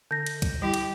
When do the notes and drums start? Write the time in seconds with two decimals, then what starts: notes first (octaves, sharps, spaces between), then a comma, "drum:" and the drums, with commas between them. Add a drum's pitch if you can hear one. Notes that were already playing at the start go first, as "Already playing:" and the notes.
0.11 D3 G6 A#6
0.26 drum: cymbal
0.42 drum: kick C2, cymbal
0.62 G3 E4 G4
0.74 drum: cymbal